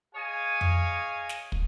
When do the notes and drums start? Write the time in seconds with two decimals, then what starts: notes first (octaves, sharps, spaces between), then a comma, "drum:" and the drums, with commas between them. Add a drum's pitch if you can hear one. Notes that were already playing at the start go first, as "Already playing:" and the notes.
0.15 G#4 C#5 D#5 F5 G#5
0.61 drum: tom F2
1.29 drum: snare
1.52 drum: kick